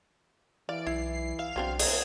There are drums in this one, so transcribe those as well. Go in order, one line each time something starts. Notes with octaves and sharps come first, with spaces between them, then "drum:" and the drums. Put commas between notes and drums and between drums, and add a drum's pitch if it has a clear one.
E3 D5 F5
B1 E4 C7
E5 F5
B1 F#3 C4 D4
A3 A#3 G#4, drum: open hi-hat